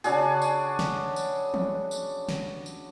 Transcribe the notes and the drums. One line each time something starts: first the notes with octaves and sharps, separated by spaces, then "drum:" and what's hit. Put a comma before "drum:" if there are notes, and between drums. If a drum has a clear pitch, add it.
C#3 D4 F#4 G#4, drum: tambourine
drum: tambourine
drum: snare
drum: tambourine
drum: tom E3
drum: tambourine
drum: snare
drum: tambourine